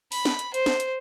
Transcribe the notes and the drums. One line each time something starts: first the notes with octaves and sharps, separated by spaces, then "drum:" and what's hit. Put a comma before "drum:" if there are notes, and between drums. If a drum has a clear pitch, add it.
B5, drum: open hi-hat
drum: snare
drum: hi-hat
C5, drum: hi-hat
drum: snare
drum: hi-hat